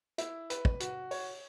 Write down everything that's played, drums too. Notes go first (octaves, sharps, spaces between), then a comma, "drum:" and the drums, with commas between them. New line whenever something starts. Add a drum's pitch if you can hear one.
E4, drum: hi-hat
B4, drum: hi-hat
drum: kick
F#4, drum: hi-hat
C#5, drum: open hi-hat